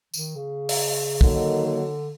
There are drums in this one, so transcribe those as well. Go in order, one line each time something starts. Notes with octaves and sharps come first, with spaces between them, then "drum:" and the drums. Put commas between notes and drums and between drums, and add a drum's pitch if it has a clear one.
D#3, drum: tambourine
C#3
drum: open hi-hat
D3 D#3 F#3 A#3 D#4, drum: kick
D3